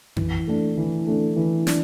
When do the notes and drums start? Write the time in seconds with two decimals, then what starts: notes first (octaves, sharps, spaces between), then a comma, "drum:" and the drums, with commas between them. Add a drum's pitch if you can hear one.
0.16 E3, drum: tom F2
0.47 A3 D4
0.77 E3
1.07 A3 D4
1.36 E3
1.67 D4, drum: snare